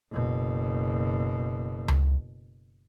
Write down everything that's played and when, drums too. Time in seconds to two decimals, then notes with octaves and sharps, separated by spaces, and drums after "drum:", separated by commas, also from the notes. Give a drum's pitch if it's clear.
0.11 F#1 B2
1.88 drum: tom C#2